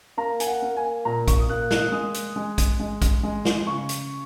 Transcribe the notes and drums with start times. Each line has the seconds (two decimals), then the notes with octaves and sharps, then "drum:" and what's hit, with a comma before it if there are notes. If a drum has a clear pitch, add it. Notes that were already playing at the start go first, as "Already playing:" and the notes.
0.17 A#3 A#5
0.40 G#5, drum: hi-hat
0.47 F#5
0.62 A#3
0.77 G#5
1.05 A#2 A#5
1.28 C#6, drum: kick, hi-hat
1.40 D#6
1.49 A#3 F#6
1.71 F#6, drum: snare
1.92 G#3 D#6
2.14 drum: hi-hat
2.36 G#3
2.58 drum: kick, hi-hat
2.80 G#3
3.02 drum: kick, hi-hat
3.23 G#3
3.45 drum: snare
3.67 C#3 C#6
3.89 drum: hi-hat